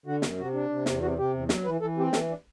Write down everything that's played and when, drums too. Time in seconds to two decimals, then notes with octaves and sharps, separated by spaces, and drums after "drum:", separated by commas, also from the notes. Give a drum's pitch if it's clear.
0.06 D3 F#4
0.22 F#2, drum: snare
0.38 C3 F#4
0.54 D4
0.69 C3
0.86 E2, drum: snare
1.02 C3 F#4
1.18 C3 G4
1.33 E2
1.49 F#3, drum: snare
1.65 E3 B4
1.81 E3 A4
1.97 C4 G4
2.13 E3 A4, drum: snare
2.29 D4